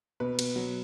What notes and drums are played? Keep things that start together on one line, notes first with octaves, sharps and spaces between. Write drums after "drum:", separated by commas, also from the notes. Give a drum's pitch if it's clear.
B2 B4
B2, drum: cymbal
F#3